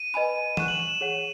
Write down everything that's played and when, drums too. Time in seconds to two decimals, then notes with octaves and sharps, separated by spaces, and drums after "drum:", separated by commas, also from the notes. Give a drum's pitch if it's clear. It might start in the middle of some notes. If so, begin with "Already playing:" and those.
Already playing: D#7
0.14 B4 D#5 G#5 B5
0.57 F#5 C#6 F#6 E7, drum: tom E3
0.68 F#7
0.80 E7
1.01 G#4 C#5 F#5